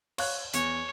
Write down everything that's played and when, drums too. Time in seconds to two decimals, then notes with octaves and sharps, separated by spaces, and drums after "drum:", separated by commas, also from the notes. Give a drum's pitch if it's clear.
0.18 C#5 F5 F#6, drum: cymbal
0.54 E2 C#5, drum: hi-hat